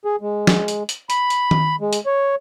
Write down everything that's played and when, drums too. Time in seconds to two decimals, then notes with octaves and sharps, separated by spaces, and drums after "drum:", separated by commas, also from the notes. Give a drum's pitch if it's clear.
0.05 G#4
0.21 G#3
0.47 drum: snare
0.68 drum: hi-hat
0.89 drum: hi-hat
1.10 B5, drum: hi-hat
1.30 drum: hi-hat
1.51 drum: tom D#3
1.81 G#3
1.93 drum: hi-hat
2.06 C#5